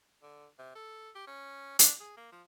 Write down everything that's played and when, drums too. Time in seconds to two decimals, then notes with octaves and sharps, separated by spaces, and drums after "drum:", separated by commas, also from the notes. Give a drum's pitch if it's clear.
0.22 D3
0.59 C3
0.75 A4
1.15 G4
1.27 C#4
1.79 D4, drum: hi-hat
2.00 G#4
2.17 A#3
2.32 F3